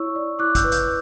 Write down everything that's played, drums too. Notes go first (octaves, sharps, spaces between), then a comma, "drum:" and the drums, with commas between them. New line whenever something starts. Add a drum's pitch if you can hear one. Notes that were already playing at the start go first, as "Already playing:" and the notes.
Already playing: E4 C#5 C#6 E6
D5
E4 D6 F#6
E6 G6, drum: kick, hi-hat
B4
E6 G6, drum: hi-hat